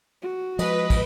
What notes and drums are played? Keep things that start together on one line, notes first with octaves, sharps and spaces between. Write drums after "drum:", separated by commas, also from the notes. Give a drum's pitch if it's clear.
F#4
F3 G#3 B4 D#5, drum: cymbal
drum: kick, cymbal